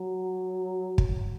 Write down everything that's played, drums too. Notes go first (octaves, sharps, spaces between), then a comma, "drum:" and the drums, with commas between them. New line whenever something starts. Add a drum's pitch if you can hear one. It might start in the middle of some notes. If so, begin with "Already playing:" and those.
Already playing: F#3
drum: kick